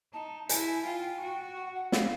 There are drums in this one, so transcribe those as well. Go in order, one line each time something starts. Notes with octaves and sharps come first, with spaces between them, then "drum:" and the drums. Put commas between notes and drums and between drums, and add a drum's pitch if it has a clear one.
D#4 A5
E4 G#5, drum: hi-hat
F4 G5
G#5
G5
F#4
F#5
F#5
F5, drum: snare